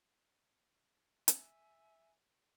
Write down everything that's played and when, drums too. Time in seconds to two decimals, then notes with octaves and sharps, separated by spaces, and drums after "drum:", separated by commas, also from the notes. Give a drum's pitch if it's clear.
1.28 E5 G#5, drum: hi-hat